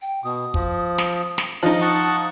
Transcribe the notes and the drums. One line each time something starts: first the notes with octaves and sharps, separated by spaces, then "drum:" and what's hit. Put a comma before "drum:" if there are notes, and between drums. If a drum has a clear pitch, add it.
G5
B2 D#6
F3, drum: kick
drum: snare
drum: snare
F3 D#4 D#5
F#5 A5 C#6 D#6